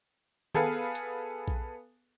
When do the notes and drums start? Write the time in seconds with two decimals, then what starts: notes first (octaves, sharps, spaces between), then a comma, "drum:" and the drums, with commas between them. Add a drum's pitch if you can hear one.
0.54 B3 G#4 A4 B4 F5, drum: tom D#3
0.95 drum: hi-hat
1.48 drum: kick A#1